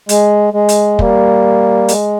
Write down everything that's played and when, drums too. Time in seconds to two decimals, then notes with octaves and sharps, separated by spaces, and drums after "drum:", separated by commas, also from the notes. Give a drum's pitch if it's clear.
0.09 G#3, drum: hi-hat
0.54 G#3
0.69 drum: hi-hat
0.99 G3 A#3, drum: kick
1.88 G#3, drum: hi-hat